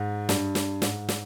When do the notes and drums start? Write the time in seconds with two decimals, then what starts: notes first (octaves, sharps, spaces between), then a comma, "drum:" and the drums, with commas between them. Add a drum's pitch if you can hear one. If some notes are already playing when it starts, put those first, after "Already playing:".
Already playing: G#2
0.29 G2, drum: snare
0.55 drum: snare
0.82 G#2, drum: snare
1.09 drum: snare